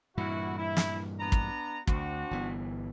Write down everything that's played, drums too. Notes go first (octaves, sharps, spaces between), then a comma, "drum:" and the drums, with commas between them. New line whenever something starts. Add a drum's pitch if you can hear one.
G2 A#2 E3 E4 F#4
E4
drum: snare
B3 D4 A#5
drum: kick
D2 C4 D4 F#4, drum: kick
G1 E3 B3